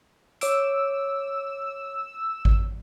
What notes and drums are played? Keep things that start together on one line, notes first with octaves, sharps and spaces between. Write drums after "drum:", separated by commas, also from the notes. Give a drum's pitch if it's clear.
C#5 D6 E6 D7, drum: hi-hat
drum: kick G#1